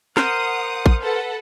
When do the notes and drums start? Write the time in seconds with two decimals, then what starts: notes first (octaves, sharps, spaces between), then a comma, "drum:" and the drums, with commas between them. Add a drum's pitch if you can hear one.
0.17 A#4 C5 F#5 D#6, drum: snare
0.86 drum: kick A1
1.01 A4 B4 F#5